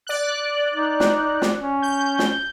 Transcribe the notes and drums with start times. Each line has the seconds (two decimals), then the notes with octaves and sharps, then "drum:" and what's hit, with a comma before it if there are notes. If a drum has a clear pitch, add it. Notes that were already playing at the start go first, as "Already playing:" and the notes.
0.07 D5 F#6
0.74 D#4
1.00 drum: snare
1.42 drum: snare
1.55 C#4
1.82 G6
2.19 drum: snare